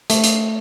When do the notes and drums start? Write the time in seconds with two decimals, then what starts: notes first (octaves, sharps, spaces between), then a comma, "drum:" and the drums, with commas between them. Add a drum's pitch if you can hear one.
0.10 A3, drum: hi-hat
0.24 drum: hi-hat